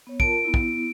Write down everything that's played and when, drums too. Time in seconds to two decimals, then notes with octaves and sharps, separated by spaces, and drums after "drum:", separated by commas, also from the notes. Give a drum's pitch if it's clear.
0.07 B3 C#5
0.20 F4 A#4 A5 D7, drum: kick
0.45 B3 E4
0.54 drum: kick